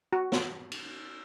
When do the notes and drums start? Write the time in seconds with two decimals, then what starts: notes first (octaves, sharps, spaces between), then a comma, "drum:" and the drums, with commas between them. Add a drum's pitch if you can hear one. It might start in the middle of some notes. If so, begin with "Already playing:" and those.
0.13 F#4
0.32 drum: snare
0.72 drum: cymbal